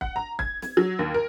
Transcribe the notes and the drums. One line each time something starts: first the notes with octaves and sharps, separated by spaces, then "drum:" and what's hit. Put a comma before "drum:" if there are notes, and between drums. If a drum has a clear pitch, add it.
F#5, drum: kick
A#5
G#6, drum: kick
drum: snare
F#3
D#2
A#4